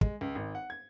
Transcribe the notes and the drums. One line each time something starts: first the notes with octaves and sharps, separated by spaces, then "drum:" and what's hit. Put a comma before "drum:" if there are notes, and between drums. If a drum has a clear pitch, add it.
G#3, drum: kick
C#2
G#1
F#5
G#6